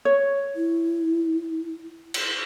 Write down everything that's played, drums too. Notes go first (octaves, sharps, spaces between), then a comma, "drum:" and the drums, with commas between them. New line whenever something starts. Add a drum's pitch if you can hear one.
C#5
E4
drum: cymbal